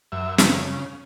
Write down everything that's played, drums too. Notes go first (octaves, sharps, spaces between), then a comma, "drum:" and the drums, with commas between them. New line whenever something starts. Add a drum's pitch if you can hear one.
F#2 E5
C#3, drum: snare